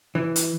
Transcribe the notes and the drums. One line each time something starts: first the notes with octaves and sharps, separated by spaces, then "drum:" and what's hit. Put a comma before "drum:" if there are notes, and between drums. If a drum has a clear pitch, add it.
E3
drum: hi-hat